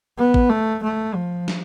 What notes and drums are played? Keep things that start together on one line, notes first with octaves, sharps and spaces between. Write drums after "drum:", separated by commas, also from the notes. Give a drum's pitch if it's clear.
B3
drum: kick A1
A3
A3
F3
drum: snare